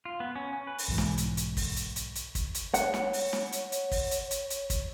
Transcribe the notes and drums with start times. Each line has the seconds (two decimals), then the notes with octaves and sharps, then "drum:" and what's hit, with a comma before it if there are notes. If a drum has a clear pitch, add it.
0.05 F4
0.20 B3
0.35 C#4
0.53 C#4
0.67 B4
0.78 drum: open hi-hat
0.88 B1 G#2 E3
0.98 drum: snare
1.18 drum: hi-hat
1.37 drum: hi-hat
1.57 drum: kick, open hi-hat
1.76 drum: hi-hat
1.96 drum: hi-hat
2.15 drum: hi-hat
2.35 drum: kick, hi-hat
2.55 drum: hi-hat
2.74 C#5 F#5, drum: hi-hat
2.94 drum: snare
3.13 drum: open hi-hat
3.33 drum: snare
3.52 drum: hi-hat
3.72 drum: hi-hat
3.91 drum: kick, open hi-hat
4.11 drum: hi-hat
4.31 drum: hi-hat
4.50 drum: hi-hat
4.70 drum: kick, hi-hat